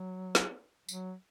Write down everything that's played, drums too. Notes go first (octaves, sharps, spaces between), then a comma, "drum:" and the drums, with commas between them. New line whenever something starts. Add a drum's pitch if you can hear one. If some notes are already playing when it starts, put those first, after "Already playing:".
Already playing: F#3
drum: snare
F#3, drum: tambourine